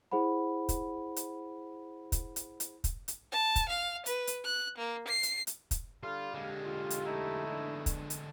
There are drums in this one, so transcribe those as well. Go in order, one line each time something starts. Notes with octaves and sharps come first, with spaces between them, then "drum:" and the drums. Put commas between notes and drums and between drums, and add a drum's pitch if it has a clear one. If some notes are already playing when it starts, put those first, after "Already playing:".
E4 G#4 C5 F#5 B5
drum: kick, hi-hat
drum: hi-hat
drum: kick, hi-hat
drum: hi-hat
drum: hi-hat
drum: kick, hi-hat
drum: hi-hat
A5
drum: kick, hi-hat
F5
B4, drum: hi-hat
drum: hi-hat
F#6
A#3
C7
drum: hi-hat
drum: hi-hat
drum: kick, hi-hat
D3 G3 D4 F4 A4 F5
D3 G#3 G4
F4
drum: hi-hat
A3 D#4 E4
B3 D4
drum: kick, hi-hat
drum: hi-hat